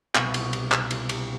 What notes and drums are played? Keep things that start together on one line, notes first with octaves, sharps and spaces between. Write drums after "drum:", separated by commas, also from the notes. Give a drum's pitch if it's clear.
C2 B2, drum: clap
drum: cymbal
drum: cymbal
drum: clap
drum: cymbal
drum: cymbal